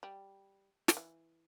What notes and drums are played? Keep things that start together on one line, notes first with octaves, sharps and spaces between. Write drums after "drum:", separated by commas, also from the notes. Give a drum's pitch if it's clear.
G3
D3, drum: snare
E3